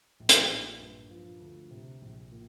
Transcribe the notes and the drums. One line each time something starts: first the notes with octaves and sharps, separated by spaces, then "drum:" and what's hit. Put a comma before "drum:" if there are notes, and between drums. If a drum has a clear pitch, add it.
A#1
drum: hi-hat
A#2
G2
F3
D2
C3
A#1
A#2